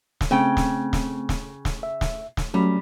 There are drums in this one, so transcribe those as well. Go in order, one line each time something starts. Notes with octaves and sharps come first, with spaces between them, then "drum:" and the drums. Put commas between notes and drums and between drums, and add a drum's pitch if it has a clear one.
drum: snare
C#3 A3 C4 G5
drum: snare
drum: snare
drum: snare
drum: snare
E5
drum: snare
drum: snare
F#3 G3 A3 C#4